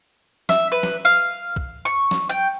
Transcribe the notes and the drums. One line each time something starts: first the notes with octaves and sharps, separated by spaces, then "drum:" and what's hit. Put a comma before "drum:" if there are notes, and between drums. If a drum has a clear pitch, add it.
E5, drum: snare
B4
drum: snare
F5
drum: kick
C#6
drum: snare
G5